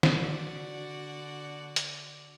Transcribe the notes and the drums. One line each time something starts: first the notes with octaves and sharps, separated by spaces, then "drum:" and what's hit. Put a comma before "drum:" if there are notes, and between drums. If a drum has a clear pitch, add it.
drum: snare
D3 F#4 D5
drum: hi-hat